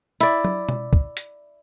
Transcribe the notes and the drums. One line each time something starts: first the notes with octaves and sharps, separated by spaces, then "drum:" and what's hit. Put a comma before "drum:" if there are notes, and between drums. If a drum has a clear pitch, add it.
E4 D5, drum: hi-hat
drum: tom
drum: tom B2
drum: kick
drum: hi-hat